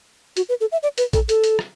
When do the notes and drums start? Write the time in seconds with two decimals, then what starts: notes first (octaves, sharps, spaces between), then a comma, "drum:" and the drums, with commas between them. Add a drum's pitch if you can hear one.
0.37 F#4, drum: hi-hat
0.49 B4
0.61 A4
0.72 E5
0.83 D5
0.98 B4, drum: hi-hat
1.13 A4, drum: kick, hi-hat
1.29 A4, drum: hi-hat
1.44 drum: hi-hat
1.59 drum: rim click